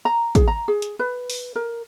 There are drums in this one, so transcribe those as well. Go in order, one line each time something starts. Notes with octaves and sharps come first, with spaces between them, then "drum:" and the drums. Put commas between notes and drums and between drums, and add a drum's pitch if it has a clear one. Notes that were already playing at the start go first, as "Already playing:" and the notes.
A#5
G#4, drum: kick, hi-hat
A#5
G#4
drum: hi-hat
B4
drum: open hi-hat
A#4